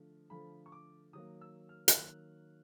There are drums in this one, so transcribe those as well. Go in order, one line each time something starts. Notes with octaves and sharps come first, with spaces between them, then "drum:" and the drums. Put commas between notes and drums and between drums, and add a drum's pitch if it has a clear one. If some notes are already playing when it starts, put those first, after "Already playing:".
Already playing: D3 F3 A3
D3 F3 A3 B5
C#6
D6
D#3 F#3 A#3 D#6
E6
F6
F6, drum: hi-hat
D#3 F#3 A#3 F#6